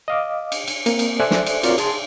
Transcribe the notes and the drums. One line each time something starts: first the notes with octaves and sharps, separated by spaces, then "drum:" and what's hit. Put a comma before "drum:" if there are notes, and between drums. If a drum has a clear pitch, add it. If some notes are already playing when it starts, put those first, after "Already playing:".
D#5 F5 D6
drum: cymbal
drum: cymbal
A#3 C4, drum: cymbal
drum: cymbal
A4 C5 D5 E5 G#5 F#6
drum: snare
drum: cymbal
C4 F4 F#4 A#4 C#5 D5, drum: cymbal
G#4 G#5 A5 C6, drum: cymbal